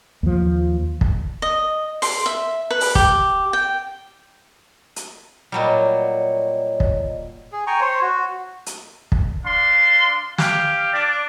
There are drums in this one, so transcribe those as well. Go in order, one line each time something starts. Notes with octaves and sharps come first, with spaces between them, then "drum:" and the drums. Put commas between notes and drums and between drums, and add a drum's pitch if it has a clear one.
D#2 F3
drum: kick
D#5
C6, drum: open hi-hat
E5
B4
drum: open hi-hat
G4, drum: kick
G5
drum: hi-hat
A#2 F#3 G3 C#5 D#5
drum: kick
G#4
G5 G#5 A#5 C#6
C5 C#5
F#4
drum: hi-hat
drum: kick
D4 F5 C6
G4 F5, drum: snare
D4 D5